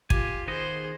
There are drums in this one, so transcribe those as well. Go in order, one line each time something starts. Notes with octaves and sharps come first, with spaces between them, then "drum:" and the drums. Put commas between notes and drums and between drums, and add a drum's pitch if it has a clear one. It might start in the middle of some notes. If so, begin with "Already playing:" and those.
F4 G4 G#5, drum: kick
D#3 B3 G#4 C5 D#5